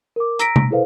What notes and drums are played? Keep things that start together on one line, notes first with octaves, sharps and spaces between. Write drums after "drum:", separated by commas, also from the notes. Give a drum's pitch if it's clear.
A#4 D6
A#5 E6 A#6 B6 D7, drum: hi-hat
drum: tom C3
E4 G#4 A4 B4 C5 F5